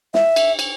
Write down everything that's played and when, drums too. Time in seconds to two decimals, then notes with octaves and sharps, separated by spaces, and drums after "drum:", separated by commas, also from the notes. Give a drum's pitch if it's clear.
0.14 E5, drum: snare
0.36 drum: cymbal
0.59 drum: cymbal